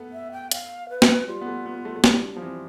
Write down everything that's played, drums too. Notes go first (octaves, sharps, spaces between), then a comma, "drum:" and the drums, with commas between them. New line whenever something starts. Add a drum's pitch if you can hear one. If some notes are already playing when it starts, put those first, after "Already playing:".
Already playing: A3 B3
E5
G5
F5, drum: hi-hat
B4
drum: snare
G3 F4
B3
A3
B3
A3
A3
G3 E4, drum: snare
D4
F3 B3
E3 C4